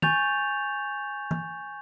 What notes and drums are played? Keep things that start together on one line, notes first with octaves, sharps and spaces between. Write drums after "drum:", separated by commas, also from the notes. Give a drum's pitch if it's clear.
G#5 C#6 G6 A6 F7, drum: tom
drum: tom